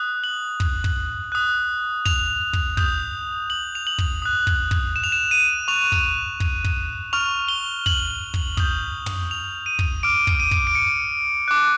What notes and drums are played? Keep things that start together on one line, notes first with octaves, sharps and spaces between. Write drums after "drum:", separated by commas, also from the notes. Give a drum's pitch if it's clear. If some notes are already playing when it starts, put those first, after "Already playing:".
Already playing: D#6 F#6
F#7
drum: kick
drum: kick
D#6 F#6
F7, drum: kick
drum: kick
D#6 G6, drum: kick
F#7
F7
F#7
drum: kick
D#6 F#6
drum: kick
drum: kick
E7
F7
E7
D#7
C#6 F#6 F7
drum: kick
drum: kick
drum: kick
C#6 F6 F7
G7
F#7, drum: kick
drum: kick
D#6 G6, drum: kick
drum: tom
F7
D#7
drum: kick
D6 F6 D7
drum: kick
D#7
drum: kick
D7
C#7
D6 F#6